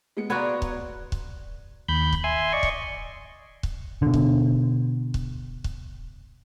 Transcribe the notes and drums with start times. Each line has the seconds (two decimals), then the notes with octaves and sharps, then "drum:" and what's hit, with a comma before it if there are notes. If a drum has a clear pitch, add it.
0.17 G#3 B3 C#7
0.30 C3 B3 F4 F#4 D5 A#5 G#6
0.62 F#3, drum: kick C#1
1.12 drum: kick C#1
1.89 D#2 B5 G6
2.13 drum: kick C#1
2.24 E5 G#5 C6
2.53 D5 D#5 C#6
2.63 drum: kick C#1
3.63 drum: kick C#1
4.02 B2 D3
4.14 drum: kick C#1
5.14 drum: kick C#1
5.64 drum: kick C#1